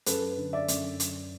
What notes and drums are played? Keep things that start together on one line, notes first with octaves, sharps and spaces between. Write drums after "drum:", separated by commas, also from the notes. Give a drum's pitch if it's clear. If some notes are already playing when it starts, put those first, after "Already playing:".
F#2 A4 B4, drum: hi-hat
D3
D5 E5
F#2, drum: hi-hat
drum: hi-hat